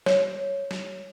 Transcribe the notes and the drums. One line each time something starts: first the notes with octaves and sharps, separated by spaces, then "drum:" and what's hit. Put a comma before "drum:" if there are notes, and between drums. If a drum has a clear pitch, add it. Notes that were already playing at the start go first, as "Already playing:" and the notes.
C#5, drum: snare
drum: snare